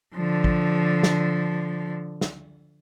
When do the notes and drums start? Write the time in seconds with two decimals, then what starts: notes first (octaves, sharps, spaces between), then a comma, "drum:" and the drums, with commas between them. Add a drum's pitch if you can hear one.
0.15 D3 F3
0.44 drum: kick
1.03 drum: snare
2.21 drum: snare